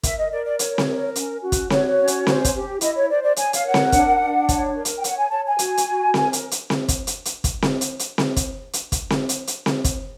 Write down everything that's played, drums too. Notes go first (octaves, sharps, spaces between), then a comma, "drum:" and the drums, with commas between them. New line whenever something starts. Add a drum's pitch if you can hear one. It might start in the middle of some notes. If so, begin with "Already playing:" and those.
A#4 E5, drum: kick, hi-hat
D#5
A#4 D5
D5
C#5, drum: hi-hat
drum: snare C4
A#4
C#4, drum: hi-hat
F#4
drum: kick, hi-hat
F#4 C#5, drum: snare C4
C#4
drum: hi-hat
C5, drum: snare C4
drum: kick, hi-hat
G4
E4 D#5, drum: hi-hat
C#5
C5 D5
D5
C#5 G#5, drum: hi-hat
F5, drum: hi-hat
A#4 F#5
drum: snare C4
D4, drum: kick, hi-hat
D4
C#5, drum: kick, hi-hat
A#4
drum: hi-hat
G5
C#5 F#5, drum: hi-hat
G#5
C#5 A5
G#5
F#4, drum: hi-hat
drum: hi-hat
F#4
A#4, drum: snare C4
drum: hi-hat
drum: hi-hat
drum: snare C4
drum: kick, hi-hat
drum: hi-hat
drum: hi-hat
drum: kick, hi-hat
drum: snare C4
drum: hi-hat
drum: hi-hat
drum: snare C4
drum: kick, hi-hat
drum: hi-hat
drum: kick, hi-hat
drum: snare C4
drum: hi-hat
drum: hi-hat
drum: snare C4
drum: kick, hi-hat